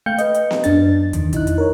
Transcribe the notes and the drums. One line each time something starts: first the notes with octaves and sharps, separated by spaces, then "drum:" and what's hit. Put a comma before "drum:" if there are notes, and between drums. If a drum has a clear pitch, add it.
A3 F5 G5 G6 C#7
B4 D#5, drum: hi-hat
drum: hi-hat
drum: snare B3
F#2 D4 A6, drum: hi-hat
E2 D#3, drum: hi-hat
F2 D#4 E4 F#6, drum: kick, hi-hat
drum: hi-hat
A#4 C#5